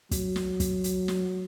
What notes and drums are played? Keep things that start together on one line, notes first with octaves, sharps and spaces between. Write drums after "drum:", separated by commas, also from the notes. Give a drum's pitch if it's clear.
F#3, drum: kick, hi-hat
drum: snare
drum: kick, hi-hat
drum: hi-hat
drum: snare